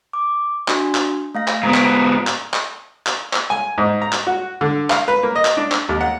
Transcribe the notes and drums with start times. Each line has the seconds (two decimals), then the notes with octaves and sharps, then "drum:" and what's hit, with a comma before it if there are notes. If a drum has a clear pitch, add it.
0.13 D6
0.68 D4 F#4, drum: clap
0.95 drum: clap
1.35 A3 F5 A#6
1.48 drum: clap
1.63 G#2 B3 A#5
1.74 drum: clap
2.27 drum: clap
2.54 drum: clap
3.07 drum: clap
3.33 drum: clap
3.50 G#5
3.78 G#2
4.02 A#5
4.13 drum: clap
4.27 F#4
4.61 D3
4.90 F5, drum: clap
5.08 B4
5.23 A#3
5.36 D#5
5.45 drum: clap
5.57 D4
5.72 drum: clap
5.89 D#2
6.01 F#5